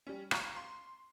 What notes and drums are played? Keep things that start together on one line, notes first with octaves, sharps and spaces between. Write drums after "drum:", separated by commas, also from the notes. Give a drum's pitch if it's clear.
G3 C#4
F5 A#5 C#6, drum: rim click
C6